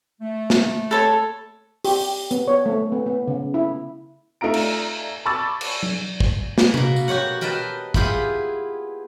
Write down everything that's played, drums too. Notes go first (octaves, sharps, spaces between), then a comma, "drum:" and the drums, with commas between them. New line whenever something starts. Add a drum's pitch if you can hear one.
A3
drum: snare
A4 C5 C#5
G4, drum: open hi-hat
B3, drum: hi-hat
C#5
A3
B3
B3
C#3
E4
A3 D#4 F4 A#5 D7
drum: cymbal
A5 B5 C#6 D6 E6 A6
drum: cymbal
drum: tom F#3
drum: kick
drum: snare
B2 A#3, drum: tom C3
drum: tambourine
F#4 G4 C#5 F#5
A#4 B4 D#5 G5 A5
B3 E4 F4 G4 G#4, drum: kick